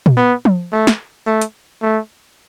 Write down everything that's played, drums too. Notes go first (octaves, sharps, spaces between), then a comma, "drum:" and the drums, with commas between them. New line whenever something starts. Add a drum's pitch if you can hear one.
drum: tom A#2
B3
drum: tom F3
A3
drum: snare
A3
drum: hi-hat
A3